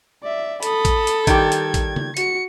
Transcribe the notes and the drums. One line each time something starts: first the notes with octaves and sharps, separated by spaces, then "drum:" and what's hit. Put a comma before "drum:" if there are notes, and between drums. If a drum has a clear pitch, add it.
D5 E5
A4 B5 D#6, drum: hi-hat
drum: kick, hi-hat
drum: hi-hat
D#3 G3 G4 G#6, drum: kick, hi-hat
drum: hi-hat
drum: kick, hi-hat
drum: tom C#3
F#4 C#7, drum: hi-hat